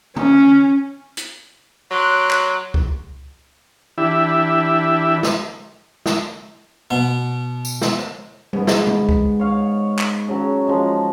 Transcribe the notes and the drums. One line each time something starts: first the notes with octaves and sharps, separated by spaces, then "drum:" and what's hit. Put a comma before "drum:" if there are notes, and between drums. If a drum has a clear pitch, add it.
C#4, drum: tom
drum: hi-hat
F#3 C6 D6 F#6
drum: clap
drum: kick C#2
E3 D4 E4 G4 E5
drum: snare
drum: snare
B2 B3
drum: tambourine
drum: snare
drum: rim click
G#2 B3, drum: tom G3
drum: snare
drum: tom
drum: kick C#2
C#5 F5
drum: clap
C#3 F#3
F3 G#3 D#4